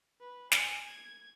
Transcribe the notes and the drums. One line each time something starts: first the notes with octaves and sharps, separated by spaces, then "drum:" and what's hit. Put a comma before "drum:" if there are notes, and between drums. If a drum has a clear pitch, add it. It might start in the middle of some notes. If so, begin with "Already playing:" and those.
B4
G#5, drum: snare
G#6